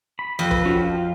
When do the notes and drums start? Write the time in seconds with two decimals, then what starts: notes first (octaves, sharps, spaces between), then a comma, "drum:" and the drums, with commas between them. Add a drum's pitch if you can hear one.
0.19 B5
0.39 F2
0.51 B4, drum: kick
0.66 C#4 F4 F#4
0.82 F4